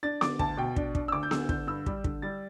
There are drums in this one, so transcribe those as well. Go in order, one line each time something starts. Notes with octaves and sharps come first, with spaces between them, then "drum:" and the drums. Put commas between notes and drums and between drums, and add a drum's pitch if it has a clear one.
D4 A6
D3 D6, drum: snare B3
D2 A5, drum: kick
B2 G5
D4, drum: kick
D4, drum: kick
E6
D2 D6
G6
D3 E6, drum: snare B3
D3 G6, drum: kick
G2 E6
G3, drum: kick
D3, drum: kick
G3 A6